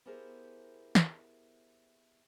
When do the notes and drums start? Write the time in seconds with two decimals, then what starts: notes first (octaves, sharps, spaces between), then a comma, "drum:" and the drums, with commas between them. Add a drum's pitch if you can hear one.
0.06 B3 E4 G4 G#4 A#4 C5
0.95 drum: snare